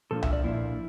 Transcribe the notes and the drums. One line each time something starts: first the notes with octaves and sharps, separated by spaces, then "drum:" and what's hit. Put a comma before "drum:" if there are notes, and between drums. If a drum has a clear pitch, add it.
A#2 F3 A#3 D4 A4
E5, drum: tom C2
D5
A#2 F3 A#3 D4 E4